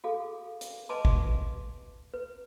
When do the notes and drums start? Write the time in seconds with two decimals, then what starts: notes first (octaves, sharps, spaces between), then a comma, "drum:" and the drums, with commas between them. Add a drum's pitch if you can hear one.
0.04 F#4 G#4 A4 F5
0.61 drum: hi-hat
0.89 B4 D#5 G#5 A5 C6 D6
1.05 drum: kick
2.14 B4